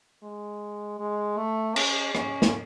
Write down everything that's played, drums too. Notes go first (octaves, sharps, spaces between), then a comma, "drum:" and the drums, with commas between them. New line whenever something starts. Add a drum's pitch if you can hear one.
G#3
G#3
A3
C#4, drum: cymbal
C#4, drum: rim click
drum: snare